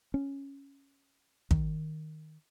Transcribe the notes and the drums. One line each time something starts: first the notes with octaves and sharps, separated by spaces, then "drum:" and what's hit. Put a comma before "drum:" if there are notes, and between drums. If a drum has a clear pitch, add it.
C#4
D#3, drum: kick